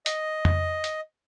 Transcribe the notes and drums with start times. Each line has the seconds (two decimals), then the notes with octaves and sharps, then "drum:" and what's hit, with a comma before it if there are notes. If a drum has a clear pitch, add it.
0.06 D#5, drum: hi-hat
0.45 drum: tom F2
0.84 drum: hi-hat